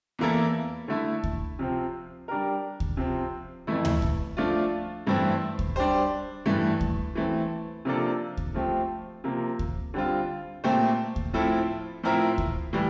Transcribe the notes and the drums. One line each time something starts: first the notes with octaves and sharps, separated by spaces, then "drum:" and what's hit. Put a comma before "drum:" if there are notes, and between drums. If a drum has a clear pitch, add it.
E2 E3 A#3 E4 A4
D3 A3 E4
drum: kick D2
C3 F3 C4
G3 D4 G4 A#4
drum: kick D2
C3 F3 C4
F2 E3 A3 E4
drum: tom D2
drum: kick D2
F3 A3 D4 F4
G2 E3 A3 C4 E4
drum: kick D2
G3 D4 G4 C5
G2 E3 A3
drum: kick D2
E3 A3 C4
C3 F3 A#3 D4 A4
drum: kick D2
F3 A3 C4 G4
C3 F3 A#3
drum: kick D2
D3 G3 C4 F4
A#2 A3 C4 G4 C5
drum: kick D2
A2 F3 C4 E4 A4
A2 F3 C4 E4 A#4
drum: kick D2
A2 E3 G3